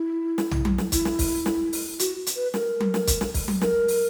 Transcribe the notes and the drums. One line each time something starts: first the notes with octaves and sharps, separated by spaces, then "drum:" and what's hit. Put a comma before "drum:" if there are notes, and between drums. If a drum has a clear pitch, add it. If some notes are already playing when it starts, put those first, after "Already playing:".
Already playing: E4
drum: snare
drum: tom
drum: tom F#3
drum: snare
E4, drum: kick, hi-hat
drum: snare
drum: kick, open hi-hat
drum: snare
drum: open hi-hat
F#4, drum: hi-hat
drum: hi-hat
B4
A#4, drum: snare
drum: tom F#3
drum: snare
drum: kick, hi-hat
drum: snare
drum: kick, open hi-hat
drum: tom F#3
A#4, drum: snare
drum: open hi-hat